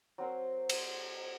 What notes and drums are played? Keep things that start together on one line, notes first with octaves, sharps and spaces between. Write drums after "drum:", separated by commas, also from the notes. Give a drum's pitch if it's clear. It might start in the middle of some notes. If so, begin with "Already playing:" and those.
F#3 C4 A#4 C5
drum: cymbal